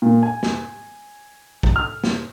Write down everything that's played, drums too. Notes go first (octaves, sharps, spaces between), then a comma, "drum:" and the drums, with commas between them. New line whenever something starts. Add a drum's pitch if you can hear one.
A#2
G#5
drum: snare
drum: kick
F6
drum: snare